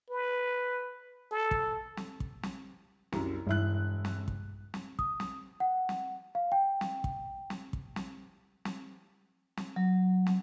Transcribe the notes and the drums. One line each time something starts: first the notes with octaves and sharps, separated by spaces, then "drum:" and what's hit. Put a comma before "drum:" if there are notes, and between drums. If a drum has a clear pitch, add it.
B4
A4
drum: kick
drum: snare
drum: kick
drum: snare
C2 F#2, drum: snare
E1 G2 E4 F#6
drum: snare
drum: kick
drum: snare
D#6, drum: kick
drum: snare
F#5
drum: snare
F5
G5
drum: snare
drum: kick
drum: snare
drum: kick
drum: snare
drum: snare
drum: snare
F#3
drum: snare